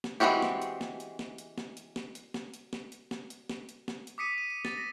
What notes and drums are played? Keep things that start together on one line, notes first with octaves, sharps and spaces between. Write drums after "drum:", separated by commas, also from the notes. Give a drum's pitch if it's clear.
drum: snare
E3 G#3 C4 F#4 G4
drum: snare
drum: hi-hat
drum: snare
drum: hi-hat
drum: snare
drum: hi-hat
drum: snare
drum: hi-hat
drum: snare
drum: hi-hat
drum: snare
drum: hi-hat
drum: snare
drum: hi-hat
drum: snare
drum: hi-hat
drum: snare
drum: hi-hat
drum: snare
drum: hi-hat
D6 D#6 B6 C#7 D#7
D#7
D#7
A6, drum: snare
A#6